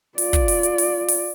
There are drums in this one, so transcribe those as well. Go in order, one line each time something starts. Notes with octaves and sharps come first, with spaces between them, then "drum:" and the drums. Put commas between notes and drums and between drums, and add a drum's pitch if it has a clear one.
F4 D5, drum: open hi-hat
drum: kick, hi-hat
drum: open hi-hat
drum: hi-hat
drum: open hi-hat
drum: open hi-hat